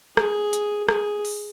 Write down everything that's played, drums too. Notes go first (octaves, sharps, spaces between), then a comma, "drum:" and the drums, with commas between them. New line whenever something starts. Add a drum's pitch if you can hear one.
G#4, drum: rim click
drum: hi-hat
G#4, drum: rim click
drum: open hi-hat